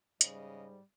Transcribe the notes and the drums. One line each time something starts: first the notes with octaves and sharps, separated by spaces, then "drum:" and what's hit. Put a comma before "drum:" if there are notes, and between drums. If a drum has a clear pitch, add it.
G#2 C#3 G3 D#5, drum: hi-hat